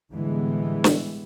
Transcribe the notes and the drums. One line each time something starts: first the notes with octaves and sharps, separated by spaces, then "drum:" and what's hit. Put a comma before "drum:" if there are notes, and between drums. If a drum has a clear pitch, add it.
A2 D3 E3 G3 G#3 B3
drum: snare